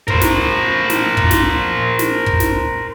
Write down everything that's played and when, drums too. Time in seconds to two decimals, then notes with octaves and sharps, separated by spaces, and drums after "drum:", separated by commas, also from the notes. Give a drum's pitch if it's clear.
0.08 A#4 C5, drum: kick
0.21 drum: snare
0.90 drum: snare
1.17 drum: kick
1.31 drum: snare
1.99 drum: snare
2.26 drum: kick
2.40 drum: snare